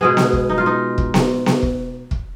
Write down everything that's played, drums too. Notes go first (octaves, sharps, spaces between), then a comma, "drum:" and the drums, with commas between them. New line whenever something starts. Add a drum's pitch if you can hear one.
B2 G#3 B3 G#4
drum: snare B3
drum: kick
D#4
F4
D#4
drum: kick
drum: snare B3
drum: snare B3
drum: kick
drum: kick